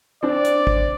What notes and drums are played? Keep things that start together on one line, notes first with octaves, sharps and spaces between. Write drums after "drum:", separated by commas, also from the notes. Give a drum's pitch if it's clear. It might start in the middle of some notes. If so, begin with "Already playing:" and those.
C4 D4 D5
drum: hi-hat
drum: kick